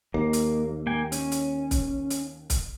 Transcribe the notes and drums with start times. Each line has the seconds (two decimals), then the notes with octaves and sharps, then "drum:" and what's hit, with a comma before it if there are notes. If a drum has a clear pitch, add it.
0.14 D#2 A#3
0.33 drum: hi-hat
0.87 A#3 G5 G#5
1.12 C#4, drum: hi-hat
1.32 drum: hi-hat
1.71 drum: kick, hi-hat
2.10 drum: hi-hat
2.50 drum: kick, hi-hat